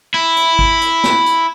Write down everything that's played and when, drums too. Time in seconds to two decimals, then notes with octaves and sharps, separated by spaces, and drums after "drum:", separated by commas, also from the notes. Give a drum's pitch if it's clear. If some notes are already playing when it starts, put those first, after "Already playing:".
0.14 E4
0.37 drum: hi-hat
0.59 drum: kick G#1
0.81 drum: hi-hat
1.04 drum: snare
1.26 drum: hi-hat